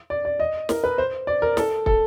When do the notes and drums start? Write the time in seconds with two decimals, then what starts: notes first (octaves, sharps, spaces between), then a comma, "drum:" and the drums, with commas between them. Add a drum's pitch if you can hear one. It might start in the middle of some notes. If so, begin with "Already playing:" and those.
0.10 D5
0.25 D5
0.40 D#5
0.69 A#4, drum: snare
0.84 B4
0.98 C5
1.27 D5
1.42 A#4
1.57 A4, drum: snare
1.86 A4, drum: kick